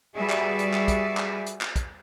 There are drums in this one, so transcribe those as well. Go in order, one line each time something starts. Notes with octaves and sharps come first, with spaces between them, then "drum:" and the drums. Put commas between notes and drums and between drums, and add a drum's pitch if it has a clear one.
G3 F#4 G#4 B4 D5 E5
drum: clap
drum: hi-hat
drum: clap
drum: kick, hi-hat
drum: clap
drum: hi-hat
drum: clap
drum: kick, hi-hat